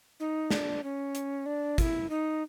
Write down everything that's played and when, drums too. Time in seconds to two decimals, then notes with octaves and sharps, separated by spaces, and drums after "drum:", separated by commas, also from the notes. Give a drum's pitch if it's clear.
0.20 D#4
0.51 D4, drum: snare
0.84 C#4
1.15 drum: hi-hat
1.46 D4
1.78 F4, drum: kick, hi-hat
1.82 E4
2.10 D#4